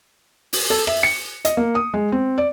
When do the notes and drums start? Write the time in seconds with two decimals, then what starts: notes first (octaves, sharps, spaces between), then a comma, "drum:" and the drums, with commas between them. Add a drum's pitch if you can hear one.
0.53 drum: open hi-hat
0.70 A4
0.87 E5, drum: rim click
1.03 C#7
1.45 D#5, drum: hi-hat
1.57 A#3
1.75 D#6
1.94 G#3
2.12 C4
2.38 D5